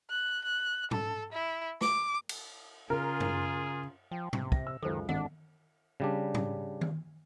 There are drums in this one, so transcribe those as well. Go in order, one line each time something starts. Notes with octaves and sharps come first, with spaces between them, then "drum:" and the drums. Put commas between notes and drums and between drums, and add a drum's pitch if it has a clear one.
F#6
F#6
A4, drum: tom G#2
E4
D6, drum: snare A3
drum: cymbal
C#3 F4 G#4 A#4
drum: tom
F3 G5
C3, drum: tom G#2
A#6, drum: kick
E6
C#2 F#2 D#3 A4 C5
G#1 D4 F#5, drum: tom D#3
C#3 G3 D4
drum: tom G#2
drum: tom D#3